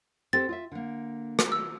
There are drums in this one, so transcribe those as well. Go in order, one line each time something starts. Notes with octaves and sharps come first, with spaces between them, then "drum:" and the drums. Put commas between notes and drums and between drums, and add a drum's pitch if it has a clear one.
C4 G4 A4 A6
F4 D#5 E5
D3 A#3
drum: rim click
E6